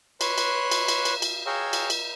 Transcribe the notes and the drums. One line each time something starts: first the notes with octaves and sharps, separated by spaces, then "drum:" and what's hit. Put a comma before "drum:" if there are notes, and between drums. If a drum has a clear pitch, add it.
B4 C#5 C6 F#6, drum: cymbal
drum: cymbal
drum: cymbal
drum: cymbal
drum: cymbal
drum: cymbal
G#4 C#5 F5 G5 A#5 E6
drum: cymbal
drum: cymbal